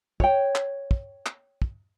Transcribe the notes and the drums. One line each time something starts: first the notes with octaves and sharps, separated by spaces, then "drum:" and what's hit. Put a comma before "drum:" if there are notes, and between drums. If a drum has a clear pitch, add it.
C#5 G5, drum: kick
drum: clap
drum: kick
drum: clap
drum: kick